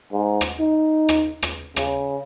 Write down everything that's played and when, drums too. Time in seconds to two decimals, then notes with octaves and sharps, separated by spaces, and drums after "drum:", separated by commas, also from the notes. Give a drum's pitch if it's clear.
0.12 G#2
0.41 drum: rim click
0.60 D#4
1.09 drum: rim click
1.42 drum: rim click
1.76 C#3, drum: rim click